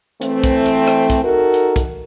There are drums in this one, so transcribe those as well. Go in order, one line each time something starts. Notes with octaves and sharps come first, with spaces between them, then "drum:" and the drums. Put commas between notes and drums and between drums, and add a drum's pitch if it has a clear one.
E3 A3 C4, drum: hi-hat
drum: kick, hi-hat
drum: hi-hat
drum: rim click
drum: kick, hi-hat
D#4 F#4 A4 A#4
drum: hi-hat
drum: kick, hi-hat